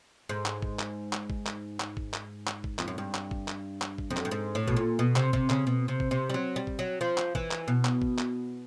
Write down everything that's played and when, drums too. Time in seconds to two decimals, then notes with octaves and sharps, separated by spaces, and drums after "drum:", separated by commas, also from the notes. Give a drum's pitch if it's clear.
0.29 G#2
0.46 drum: clap
0.62 drum: kick
0.79 drum: clap
1.13 drum: clap
1.30 drum: kick
1.46 drum: clap
1.80 drum: clap
1.97 drum: kick
2.14 drum: clap
2.47 drum: clap
2.64 drum: kick
2.79 F2, drum: clap
2.88 F#2
2.98 G2
3.14 drum: clap
3.31 drum: kick
3.48 drum: clap
3.82 drum: clap
3.98 drum: kick
4.10 F2
4.17 F#2, drum: clap
4.25 G2
4.31 G#2
4.55 A2
4.68 B2, drum: kick
4.77 A#2
4.99 B2
5.16 C3, drum: clap
5.33 C3, drum: kick
5.50 C#3, drum: clap
5.67 B2
5.88 C3
6.00 drum: kick
6.11 C3
6.30 G3
6.34 F#3
6.56 G3
6.67 drum: kick
6.79 F#3
7.01 F3
7.18 drum: clap
7.35 E3, drum: kick
7.51 drum: clap
7.68 B2
7.85 drum: clap
8.02 drum: kick
8.18 drum: clap